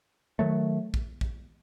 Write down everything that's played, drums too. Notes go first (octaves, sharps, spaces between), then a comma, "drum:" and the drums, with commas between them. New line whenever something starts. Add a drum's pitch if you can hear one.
D#3 F#3 A3
drum: kick
drum: kick